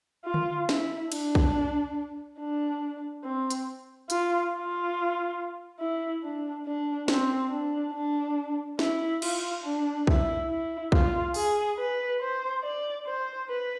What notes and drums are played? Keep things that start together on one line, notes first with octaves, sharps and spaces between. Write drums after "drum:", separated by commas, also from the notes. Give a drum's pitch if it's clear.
F4
drum: tom D3
E4, drum: snare
D4, drum: cymbal
drum: kick B1
D4
C4
drum: hi-hat
F4, drum: hi-hat
F4
E4
D4
D4
C4, drum: snare
D4
D4
E4, drum: snare
F4, drum: cymbal
D4
E4, drum: kick B1
E4
F4, drum: kick B1
G#4, drum: open hi-hat
B4
C5
D5
C5
B4